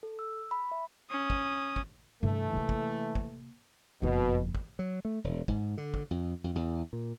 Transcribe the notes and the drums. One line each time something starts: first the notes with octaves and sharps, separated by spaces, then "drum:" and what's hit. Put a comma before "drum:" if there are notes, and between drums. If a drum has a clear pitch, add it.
A4
E6
B5
E5
C#4 D#6
drum: kick
drum: kick
G2 C3 E3 A3
C3 A#3
drum: kick
drum: kick
F#1 F2 B2
drum: kick
F#3
A3
E1
G#2, drum: kick
D3
drum: kick
F2
F2
E2
A#2